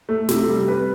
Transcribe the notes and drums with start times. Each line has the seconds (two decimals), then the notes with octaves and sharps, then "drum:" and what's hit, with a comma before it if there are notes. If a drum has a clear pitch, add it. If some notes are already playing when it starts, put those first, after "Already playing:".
0.09 A3
0.29 C3, drum: snare
0.49 G3
0.68 B4